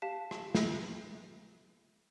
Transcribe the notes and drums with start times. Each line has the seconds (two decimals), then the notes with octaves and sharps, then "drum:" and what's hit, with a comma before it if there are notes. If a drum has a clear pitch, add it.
0.02 G4 F5 A5 B6 E7
0.31 drum: rim click
0.55 drum: snare